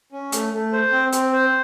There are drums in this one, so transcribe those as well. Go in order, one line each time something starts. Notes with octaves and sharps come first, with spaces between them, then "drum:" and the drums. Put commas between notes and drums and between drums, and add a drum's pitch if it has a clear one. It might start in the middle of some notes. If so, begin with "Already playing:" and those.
C#4
A3, drum: hi-hat
A3
C5
C4
C4, drum: hi-hat
C5